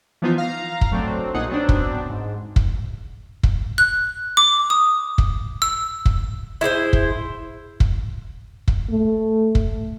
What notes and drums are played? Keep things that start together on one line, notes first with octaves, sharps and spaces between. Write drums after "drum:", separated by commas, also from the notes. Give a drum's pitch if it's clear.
E3 F3 B3 D#4 F4 E5
F5 A#5
drum: kick
F#3 A3 C4 D4
B1 A#2 D#4 G#4 F#5
F#3 B3 C4 D4
drum: kick
G#2
drum: kick
drum: kick
F#6
D6
D#6
drum: kick
E6
drum: kick
E4 G#4 B4 C5
drum: kick
drum: kick
drum: kick
A3
drum: kick